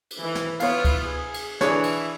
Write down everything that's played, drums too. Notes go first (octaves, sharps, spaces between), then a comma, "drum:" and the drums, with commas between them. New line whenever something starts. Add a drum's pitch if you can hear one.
drum: cymbal
E3
drum: snare
B3 E4 F4 C#5 F5, drum: cymbal
drum: kick C#2, cymbal
G#4
drum: cymbal
E3 D4 G#4 C#5, drum: snare
drum: cymbal